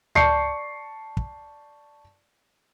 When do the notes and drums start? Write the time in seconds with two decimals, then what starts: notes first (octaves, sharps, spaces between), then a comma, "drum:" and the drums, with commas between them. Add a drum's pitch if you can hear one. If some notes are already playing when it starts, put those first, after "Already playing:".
0.15 D5 A5 C#6 G6 C7 C#7, drum: tom C#2
1.17 drum: kick